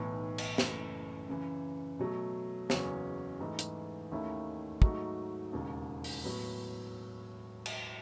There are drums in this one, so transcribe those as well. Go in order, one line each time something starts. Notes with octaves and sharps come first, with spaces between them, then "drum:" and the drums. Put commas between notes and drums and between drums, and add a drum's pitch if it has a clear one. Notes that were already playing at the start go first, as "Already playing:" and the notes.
Already playing: B1 A2 E3 B3 D#4
drum: cymbal
F#1 F#2 E3 A3, drum: snare
F#2 C#3 E3
B2 F#3 A3
F#1 E2 C#3 F#3 C#4, drum: snare
G#2 E3 A3
drum: hi-hat
D#2 D#3 A3 C#4 E4
G#2 F#3 A3 D#4 F#4, drum: kick
E1 D#2 C#3
drum: open hi-hat
A2 F#3 B3
drum: cymbal